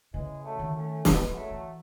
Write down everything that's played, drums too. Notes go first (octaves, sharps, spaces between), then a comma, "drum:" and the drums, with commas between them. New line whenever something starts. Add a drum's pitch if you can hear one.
C#3 E3 G#3
F#3 A3
D#3
A3 C#4
G#3 B3, drum: snare
F#3 A3
E3